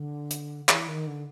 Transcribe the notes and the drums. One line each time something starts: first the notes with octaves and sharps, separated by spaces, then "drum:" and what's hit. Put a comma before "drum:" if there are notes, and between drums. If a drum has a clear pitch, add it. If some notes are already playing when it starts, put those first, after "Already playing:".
Already playing: D3
drum: hi-hat
E3, drum: clap
D#3
D3